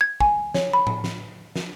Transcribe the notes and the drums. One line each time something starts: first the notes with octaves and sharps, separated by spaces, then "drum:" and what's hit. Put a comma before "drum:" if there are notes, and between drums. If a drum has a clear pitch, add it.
G#6
G#5, drum: kick
C#5, drum: snare
B5
drum: tom A2
drum: snare
drum: snare